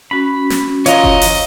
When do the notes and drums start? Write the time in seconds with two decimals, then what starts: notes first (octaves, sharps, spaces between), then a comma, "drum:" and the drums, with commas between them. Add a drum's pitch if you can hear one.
0.11 C#4 F#4 B5
0.50 drum: snare
0.86 E3 F4 C#5 D#5 A#5, drum: hi-hat
1.04 drum: kick F1
1.21 drum: open hi-hat